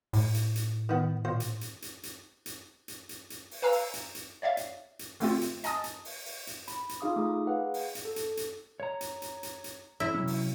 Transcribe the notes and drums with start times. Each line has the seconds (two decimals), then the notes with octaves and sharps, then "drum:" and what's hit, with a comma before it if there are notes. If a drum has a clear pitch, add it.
0.13 A2, drum: open hi-hat
0.34 drum: hi-hat
0.56 drum: hi-hat
0.89 D#3 B3
1.25 A#2 C5
1.40 drum: hi-hat
1.61 drum: hi-hat
1.82 drum: hi-hat
2.03 drum: hi-hat
2.46 drum: hi-hat
2.88 drum: hi-hat
3.09 drum: hi-hat
3.30 drum: hi-hat
3.51 drum: open hi-hat
3.62 B4 F5 G#5 A#5 E6
3.72 drum: open hi-hat
3.94 drum: hi-hat
4.15 drum: hi-hat
4.42 C#5 D5 E5 F5
4.57 drum: hi-hat
4.99 drum: hi-hat
5.20 D3 A3 C4 F4, drum: open hi-hat
5.41 drum: hi-hat
5.64 D#5 G#5 A5 D#6 A6, drum: hi-hat
5.84 drum: hi-hat
6.05 drum: open hi-hat
6.26 drum: open hi-hat
6.47 drum: hi-hat
6.68 B5, drum: hi-hat
6.89 drum: hi-hat
7.01 D#4 F4 G#4 F5 D6 D#6
7.16 A3 G#4 D6 D#6
7.47 G#4 B4 F5 F#5
7.74 drum: open hi-hat
7.95 drum: hi-hat
8.05 A4
8.16 drum: hi-hat
8.37 drum: hi-hat
8.80 C#5 A#5
9.01 drum: hi-hat
9.22 drum: hi-hat
9.43 drum: hi-hat
9.64 drum: hi-hat
10.00 E4
10.14 C3 F#3 C#4
10.27 drum: open hi-hat